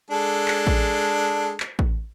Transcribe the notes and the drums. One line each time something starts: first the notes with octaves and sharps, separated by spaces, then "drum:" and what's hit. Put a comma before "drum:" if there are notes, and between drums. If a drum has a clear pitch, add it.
G#3 D4 A4
drum: clap
drum: kick A1
drum: clap
drum: kick A1